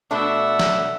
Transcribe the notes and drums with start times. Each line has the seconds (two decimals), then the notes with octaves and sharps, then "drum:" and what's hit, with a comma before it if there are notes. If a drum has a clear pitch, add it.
0.11 B2 A3 D4 E5 F#5
0.59 drum: snare